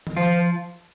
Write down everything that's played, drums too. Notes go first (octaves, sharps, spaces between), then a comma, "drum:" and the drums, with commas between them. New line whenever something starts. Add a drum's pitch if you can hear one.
drum: tom D#3
F3 F4 C5